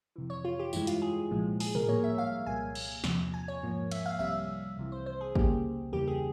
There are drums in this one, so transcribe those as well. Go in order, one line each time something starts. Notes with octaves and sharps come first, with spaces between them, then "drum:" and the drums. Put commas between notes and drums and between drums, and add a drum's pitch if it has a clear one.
F2 C3 E3
C#5
F4
G4
G2 E3 G#3 E4, drum: tambourine
F4, drum: hi-hat
G#4
C2 A#2 F3 G#3
G#4, drum: open hi-hat
A#4, drum: tom A2
G2 G3 A#3 C#5
E5
F5
C2 A#2 G3 A#3 G#5
drum: cymbal
E2 C3 F3, drum: snare
G#5
C#5
G#2 F3 A#3
E5, drum: cymbal
F5
C2 C3 G3 E5
C2 C3 E3
C5
C5
G#4
C#2 C#3 G3 A#3 G4, drum: kick G#1
E2 C#3 E3 G3 A#3 G4
G#4